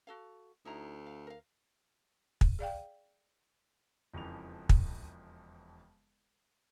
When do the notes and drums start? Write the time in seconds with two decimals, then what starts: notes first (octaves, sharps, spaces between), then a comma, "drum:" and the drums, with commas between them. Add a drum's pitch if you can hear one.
0.07 F#4 A4 F5
0.65 D2 D#4 E4 A#5
1.06 F5
1.27 A#4 F5
2.41 drum: kick
2.59 G#4 D5 F5 G5
4.13 E1 F2 C#3 E3 F3 F7
4.69 drum: kick